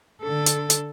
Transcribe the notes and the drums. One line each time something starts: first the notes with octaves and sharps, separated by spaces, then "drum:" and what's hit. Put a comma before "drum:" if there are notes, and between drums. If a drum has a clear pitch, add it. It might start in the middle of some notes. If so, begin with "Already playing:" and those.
D3 A4
drum: hi-hat
drum: hi-hat